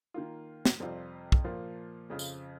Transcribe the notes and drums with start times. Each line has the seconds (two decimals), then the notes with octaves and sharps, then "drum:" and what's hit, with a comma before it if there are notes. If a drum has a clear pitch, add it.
0.14 D#3 A#3 F4
0.65 drum: snare
0.80 F2 C3 G3 C4 F4
1.32 drum: kick
1.44 A#2 F3 A#3 F4
2.10 F2 C#3 F3
2.19 drum: tambourine